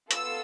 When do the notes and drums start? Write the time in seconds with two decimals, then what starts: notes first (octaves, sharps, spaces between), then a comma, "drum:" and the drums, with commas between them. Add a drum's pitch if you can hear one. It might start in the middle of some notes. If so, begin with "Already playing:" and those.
0.11 B3 F4 A4 E6, drum: hi-hat